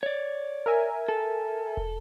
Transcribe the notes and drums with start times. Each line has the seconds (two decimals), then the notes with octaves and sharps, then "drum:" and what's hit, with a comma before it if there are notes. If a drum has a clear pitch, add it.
0.03 C#5 D5
0.66 A#4 E5 G#5
1.08 A4
1.77 drum: kick